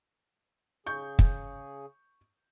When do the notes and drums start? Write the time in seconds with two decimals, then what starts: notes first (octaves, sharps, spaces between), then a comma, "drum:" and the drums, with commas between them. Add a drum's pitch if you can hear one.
0.86 C#3 G#4 C#6 G6
1.19 drum: kick